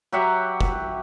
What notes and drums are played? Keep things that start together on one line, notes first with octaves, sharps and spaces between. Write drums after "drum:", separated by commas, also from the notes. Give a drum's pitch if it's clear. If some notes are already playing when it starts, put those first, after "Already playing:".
F#3 G4 E5 F#5
drum: kick F1